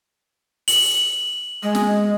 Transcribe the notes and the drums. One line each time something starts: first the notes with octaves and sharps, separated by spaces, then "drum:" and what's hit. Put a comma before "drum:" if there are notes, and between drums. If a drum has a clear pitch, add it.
F#7, drum: open hi-hat
G#3
drum: snare